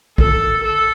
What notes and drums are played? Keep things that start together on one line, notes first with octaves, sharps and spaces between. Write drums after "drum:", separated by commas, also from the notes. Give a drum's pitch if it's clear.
A4, drum: kick
A4